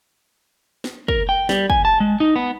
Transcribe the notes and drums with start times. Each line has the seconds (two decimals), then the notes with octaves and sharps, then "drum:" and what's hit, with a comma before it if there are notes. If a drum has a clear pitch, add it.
0.84 drum: snare
1.08 A#4, drum: kick
1.29 G5
1.49 G3, drum: snare
1.70 G#5, drum: kick
1.85 A5
2.00 G#3
2.20 D#4
2.36 B3